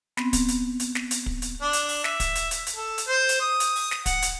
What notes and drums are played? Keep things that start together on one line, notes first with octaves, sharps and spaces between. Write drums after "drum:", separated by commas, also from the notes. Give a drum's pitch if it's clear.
B3 C4, drum: snare
drum: kick, hi-hat
drum: hi-hat
drum: hi-hat
drum: snare
drum: hi-hat
drum: kick
drum: hi-hat
D4
drum: hi-hat
drum: open hi-hat
E5, drum: snare
drum: kick, hi-hat
drum: hi-hat
drum: hi-hat
drum: hi-hat
A4
drum: hi-hat
C5
drum: hi-hat
D#6
drum: hi-hat
drum: open hi-hat
drum: snare
F#5, drum: kick, hi-hat
drum: hi-hat